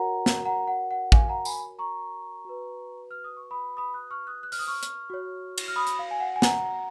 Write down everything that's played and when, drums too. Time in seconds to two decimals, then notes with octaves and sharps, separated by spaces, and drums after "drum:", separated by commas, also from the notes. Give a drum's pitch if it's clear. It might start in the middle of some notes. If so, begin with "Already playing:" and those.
Already playing: F#4 A#4 C#5 F#5 A#5
0.26 drum: snare
0.45 F#5 A#5
0.67 F#5
0.91 F#5
1.12 F5 G#5, drum: kick
1.29 F#5 A#5
1.45 G#5 B5, drum: tambourine
1.79 A#5 C#6
2.45 F#4 B4
3.11 F6
3.24 D#6
3.37 C#6
3.51 B5 D#6
3.77 B5 D#6
3.94 D#6 F#6
4.11 C#6 F6
4.27 D#6 F#6
4.43 F#6
4.52 F6, drum: open hi-hat
4.59 D#6
4.67 C#6 F6
4.83 drum: hi-hat
5.10 F#4 C#5
5.58 drum: cymbal
5.68 F6
5.76 B5 D#6
5.87 drum: hi-hat
5.99 F5
6.11 G#5
6.20 F#5
6.36 G#5
6.42 F#5 A#5, drum: snare